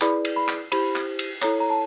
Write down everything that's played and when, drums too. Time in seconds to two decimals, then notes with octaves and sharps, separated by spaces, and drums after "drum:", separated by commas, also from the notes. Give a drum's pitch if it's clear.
0.01 E4 G#4 B4 D5 B5, drum: clap
0.25 drum: cymbal
0.36 B5
0.48 drum: clap
0.72 E4 G4 C5 B5, drum: cymbal
0.95 drum: clap
1.19 drum: cymbal
1.42 E4 A4 C#5 A#5, drum: clap
1.60 A#5
1.70 A5